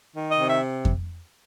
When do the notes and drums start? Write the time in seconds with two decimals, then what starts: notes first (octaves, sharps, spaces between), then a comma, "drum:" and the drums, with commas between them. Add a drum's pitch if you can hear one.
0.13 D#3
0.31 D#5
0.37 C3
0.49 E5
0.85 drum: kick F2